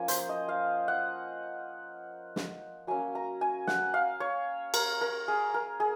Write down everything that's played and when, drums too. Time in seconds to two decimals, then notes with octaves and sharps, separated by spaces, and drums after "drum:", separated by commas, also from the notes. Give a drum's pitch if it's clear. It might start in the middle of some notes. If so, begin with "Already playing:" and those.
Already playing: F3 A#3 C#4 G#5
0.08 C5, drum: hi-hat
0.29 D#5
0.49 F5
0.88 F#5
2.36 drum: snare
2.87 F#3 A#3 C#4 G#5
3.15 A#5
3.41 G#5
3.67 F#5, drum: snare
3.94 F5
4.20 C#5
4.74 A#4, drum: cymbal
5.01 A#4
5.28 G#4
5.54 A#4
5.80 G#4